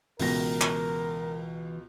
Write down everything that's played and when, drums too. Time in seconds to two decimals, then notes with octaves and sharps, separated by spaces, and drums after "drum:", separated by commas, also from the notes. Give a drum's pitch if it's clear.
0.19 C#2 B2 E3 A#4 A#6, drum: open hi-hat
0.61 drum: clap